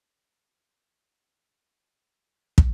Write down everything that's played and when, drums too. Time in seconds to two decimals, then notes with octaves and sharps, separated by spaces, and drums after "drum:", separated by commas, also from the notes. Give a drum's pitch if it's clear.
0.18 G3 D#5 E5
1.02 F4 C5 D5 C#6
1.36 C#4
2.58 drum: kick